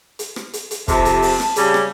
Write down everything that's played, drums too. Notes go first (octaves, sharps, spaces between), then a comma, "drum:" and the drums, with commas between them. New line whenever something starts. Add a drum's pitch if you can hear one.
drum: hi-hat
drum: rim click
drum: hi-hat
drum: hi-hat
F2 C3 A5, drum: kick, hi-hat
drum: hi-hat
drum: open hi-hat
drum: rim click
C#3 G3, drum: hi-hat
drum: rim click